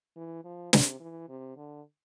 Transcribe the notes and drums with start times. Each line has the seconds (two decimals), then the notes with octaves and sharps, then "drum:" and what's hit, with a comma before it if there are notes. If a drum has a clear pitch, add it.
0.17 E3
0.45 F3
0.73 C3, drum: snare
1.00 E3
1.29 C3
1.57 D3